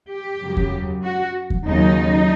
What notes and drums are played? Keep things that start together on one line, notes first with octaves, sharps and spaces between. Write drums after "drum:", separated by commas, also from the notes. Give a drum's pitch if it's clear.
G4
F#2 C#3 F#3
drum: kick E2
F#4
drum: kick E2
D#2 C#3 F#3 D#4